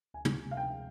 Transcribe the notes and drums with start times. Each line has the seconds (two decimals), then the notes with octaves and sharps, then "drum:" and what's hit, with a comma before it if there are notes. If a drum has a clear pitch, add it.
0.14 D2 G#5
0.25 drum: tom
0.36 C3 G3
0.51 F5
0.56 D2 G5